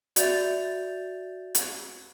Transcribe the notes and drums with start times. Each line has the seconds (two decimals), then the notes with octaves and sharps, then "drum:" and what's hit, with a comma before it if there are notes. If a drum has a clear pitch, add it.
0.16 F#4 D5 E5 G6 A6 F7, drum: hi-hat
1.55 drum: hi-hat